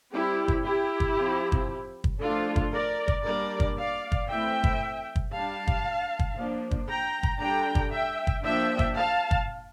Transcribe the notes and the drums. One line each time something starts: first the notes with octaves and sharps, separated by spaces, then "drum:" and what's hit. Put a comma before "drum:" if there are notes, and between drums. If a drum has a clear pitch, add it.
G3 C4 E4 G4
drum: kick
E4 G4
drum: kick
F3 C4
drum: kick
drum: kick
F3 A3 D4 F4 A4
drum: kick
A#4 D5
drum: kick
G3 A#3 D4 A#4 D5
drum: kick
D5 F5
drum: kick
E3 A3 C4 E5 G5
drum: kick
drum: kick
G3 D4 F5 A5
drum: kick
drum: kick
F3 A#3 D4
drum: kick
G5 A#5
drum: kick
D3 G3 D4 G5 A#5
drum: kick
E5 G5
drum: kick
F3 A#3 D4 E5 G5
drum: kick
F5 A5
drum: kick